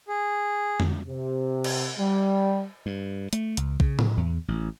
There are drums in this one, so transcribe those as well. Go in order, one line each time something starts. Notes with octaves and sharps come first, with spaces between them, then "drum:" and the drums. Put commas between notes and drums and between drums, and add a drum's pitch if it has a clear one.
G#4
drum: tom
C3
drum: cymbal
G3
G2
A3, drum: hi-hat
C#2, drum: hi-hat
C#3, drum: kick
drum: tom A2
E2
A1